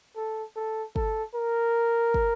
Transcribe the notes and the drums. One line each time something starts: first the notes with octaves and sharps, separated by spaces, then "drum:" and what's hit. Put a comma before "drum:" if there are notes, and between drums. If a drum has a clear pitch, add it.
A4
A4
A4, drum: kick
A#4
drum: kick